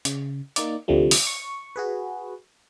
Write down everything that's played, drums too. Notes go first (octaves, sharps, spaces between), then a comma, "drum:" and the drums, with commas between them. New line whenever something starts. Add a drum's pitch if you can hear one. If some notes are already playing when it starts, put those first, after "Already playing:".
C#3, drum: hi-hat
A#3 D#4 D5, drum: hi-hat
D2 C3 F3 G3 A3
drum: open hi-hat
C#6
F#4 G#4 B4